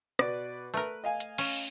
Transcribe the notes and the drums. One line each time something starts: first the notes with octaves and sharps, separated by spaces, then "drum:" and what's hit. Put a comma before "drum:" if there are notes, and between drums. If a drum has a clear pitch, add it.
B2 B4 D5, drum: rim click
A3 A#4 B4
D#5 F5 G#5
drum: hi-hat
C#4, drum: cymbal